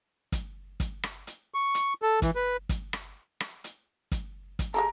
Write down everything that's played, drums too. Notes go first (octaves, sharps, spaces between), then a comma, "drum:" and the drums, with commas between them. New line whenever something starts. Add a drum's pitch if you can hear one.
drum: kick, hi-hat
drum: kick, hi-hat
drum: rim click
drum: hi-hat
C#6
drum: hi-hat
A4
E3, drum: kick, hi-hat
B4
drum: kick, hi-hat
drum: rim click
drum: rim click
drum: hi-hat
drum: kick, hi-hat
drum: kick, hi-hat
G#3 G4 A4 A#5